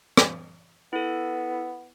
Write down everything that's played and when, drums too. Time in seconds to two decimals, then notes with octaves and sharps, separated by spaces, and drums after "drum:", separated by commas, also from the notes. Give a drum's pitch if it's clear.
0.17 drum: rim click
0.93 B3 E4 A4